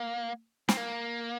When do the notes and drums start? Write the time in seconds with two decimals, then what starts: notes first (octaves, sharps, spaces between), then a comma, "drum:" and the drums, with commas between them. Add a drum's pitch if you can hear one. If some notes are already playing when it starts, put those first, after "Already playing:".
Already playing: A#3
0.69 C4, drum: snare
0.77 A#3